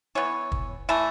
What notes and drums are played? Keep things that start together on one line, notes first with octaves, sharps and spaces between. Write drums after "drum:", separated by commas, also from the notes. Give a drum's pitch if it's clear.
E3 B3 C#5
drum: kick
E3 A3 E4